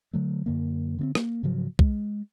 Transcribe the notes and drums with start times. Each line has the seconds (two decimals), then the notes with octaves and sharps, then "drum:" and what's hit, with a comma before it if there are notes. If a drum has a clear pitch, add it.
0.13 D3 F#3 A3
0.46 F#2 D3 A#3
0.98 D3 B3 C4
1.15 A#3, drum: rim click
1.43 G#2 C#3 F3 F#3
1.79 G#3, drum: kick